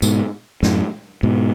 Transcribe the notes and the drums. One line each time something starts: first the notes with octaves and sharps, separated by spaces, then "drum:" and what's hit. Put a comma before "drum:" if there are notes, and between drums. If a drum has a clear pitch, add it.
G#2 B2, drum: tambourine
F#2 A2, drum: snare
G#2 B2